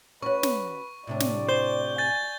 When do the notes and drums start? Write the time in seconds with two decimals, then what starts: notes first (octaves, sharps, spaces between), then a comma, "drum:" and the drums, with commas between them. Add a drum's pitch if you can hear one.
0.22 C#4 F#4 B4 C#6
0.43 drum: snare
1.07 A2 C3 D4 D5
1.20 drum: snare
1.49 C5 G6 G7
1.98 G#5 G6 A6